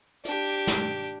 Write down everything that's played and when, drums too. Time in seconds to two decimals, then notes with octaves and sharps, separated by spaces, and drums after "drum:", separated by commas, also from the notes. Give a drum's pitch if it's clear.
0.25 D4 G4, drum: hi-hat
0.67 drum: snare